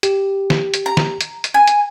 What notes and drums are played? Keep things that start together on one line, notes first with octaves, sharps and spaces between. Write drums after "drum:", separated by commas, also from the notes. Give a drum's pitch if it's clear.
G4, drum: hi-hat
drum: snare
drum: hi-hat
A#5
drum: snare
drum: hi-hat
drum: hi-hat
G#5
drum: hi-hat